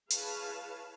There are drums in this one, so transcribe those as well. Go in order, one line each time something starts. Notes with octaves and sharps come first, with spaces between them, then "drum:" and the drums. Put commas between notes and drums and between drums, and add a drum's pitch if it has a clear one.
E4 G#4 B4 C#5 F5 A5, drum: hi-hat